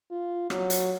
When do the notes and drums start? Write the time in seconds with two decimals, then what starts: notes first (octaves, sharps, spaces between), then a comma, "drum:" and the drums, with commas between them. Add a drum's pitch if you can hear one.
0.11 F4
0.50 F#3, drum: rim click
0.70 drum: hi-hat